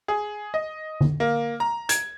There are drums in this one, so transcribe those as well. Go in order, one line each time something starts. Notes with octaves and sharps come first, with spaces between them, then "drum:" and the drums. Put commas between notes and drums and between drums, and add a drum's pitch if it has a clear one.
G#4
D#5
drum: tom D3
A#3
A#5
G#6, drum: hi-hat